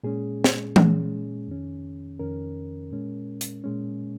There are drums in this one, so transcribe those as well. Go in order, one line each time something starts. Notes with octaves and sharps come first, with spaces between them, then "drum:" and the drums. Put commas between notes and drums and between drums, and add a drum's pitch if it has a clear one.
A#2 G#3 C#4 G#4
drum: snare
A#2 G#3 C#4, drum: tom E3
F2 D#3 C#4
F2 D#3 C#4 A#4
A#2 G#3 C#4
drum: hi-hat
A#2 G#3 C#4